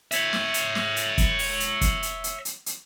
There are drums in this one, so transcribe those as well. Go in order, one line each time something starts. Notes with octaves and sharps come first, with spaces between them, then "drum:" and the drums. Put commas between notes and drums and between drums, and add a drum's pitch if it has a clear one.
C#5 E5, drum: hi-hat
drum: snare
drum: hi-hat
drum: snare
drum: hi-hat
drum: kick, hi-hat
drum: open hi-hat
drum: hi-hat
drum: kick, hi-hat
drum: hi-hat
drum: hi-hat
drum: hi-hat
drum: hi-hat